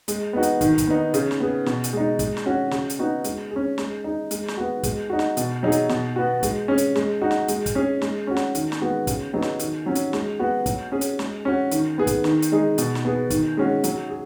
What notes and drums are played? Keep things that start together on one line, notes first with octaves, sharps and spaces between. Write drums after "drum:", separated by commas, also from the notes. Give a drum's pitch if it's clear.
G#3, drum: hi-hat
B3 D#4 F#4
drum: hi-hat
D#3, drum: kick, hi-hat
drum: kick, hi-hat
B3 D#4
C#3, drum: hi-hat
drum: snare
B3 G#4
B2, drum: snare
drum: hi-hat
G#3 D#4
G#3, drum: kick, hi-hat
drum: snare
C#4 F#4
C#3, drum: snare
drum: hi-hat
B3 D#4 F#4
G#3, drum: hi-hat
G#4
C#4
G#3, drum: snare
D#4 G#4
G#3, drum: hi-hat
drum: snare
B3 F#4
G#3, drum: kick, hi-hat
D#4 F#4
drum: snare
B2, drum: hi-hat
F#3 D#4 G#4
drum: hi-hat
B2, drum: snare
B3 F#4
G#3, drum: kick, hi-hat
C#4 G#4
drum: hi-hat
G#3, drum: snare
D#4 F#4
drum: snare
G#3, drum: hi-hat
drum: kick, hi-hat
C#4 G#4
G#3, drum: snare
C#4 F#4
drum: snare
D#3, drum: hi-hat
drum: snare
G#3 B3 F#4
C#3, drum: kick, hi-hat
F#3 B3 D#4 G#4
drum: snare
D#3, drum: hi-hat
F#3 C#4
drum: hi-hat
G#3, drum: snare
B3 F#4
F#3, drum: kick, hi-hat
C#4 G#4
drum: hi-hat
G#3, drum: snare
C#4 F#4
D#3, drum: hi-hat
B3 G#4
drum: kick, hi-hat
D#3, drum: snare
drum: hi-hat
G#3 D#4 G#4
B2, drum: hi-hat
drum: snare
B3 G#4
D#3, drum: kick, hi-hat
G#3 C#4 F#4
F#3, drum: hi-hat
G#4